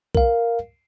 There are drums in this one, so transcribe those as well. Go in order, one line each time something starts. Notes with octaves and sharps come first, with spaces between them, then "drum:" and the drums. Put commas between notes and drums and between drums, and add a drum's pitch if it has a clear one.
A#4 F5, drum: kick B1